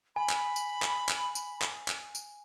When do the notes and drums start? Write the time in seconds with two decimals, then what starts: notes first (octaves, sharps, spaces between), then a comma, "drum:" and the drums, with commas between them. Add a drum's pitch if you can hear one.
0.16 G#5 B5
0.30 drum: clap
0.56 drum: tambourine
0.82 drum: clap
1.09 drum: clap
1.35 drum: tambourine
1.62 drum: clap
1.88 drum: clap
2.15 drum: tambourine